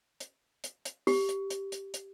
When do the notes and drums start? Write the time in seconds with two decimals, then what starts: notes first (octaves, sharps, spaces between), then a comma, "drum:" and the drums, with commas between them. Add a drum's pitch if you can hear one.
0.20 drum: hi-hat
0.64 drum: hi-hat
0.85 drum: hi-hat
1.07 G4, drum: open hi-hat
1.29 drum: hi-hat
1.50 drum: hi-hat
1.72 drum: hi-hat
1.94 drum: hi-hat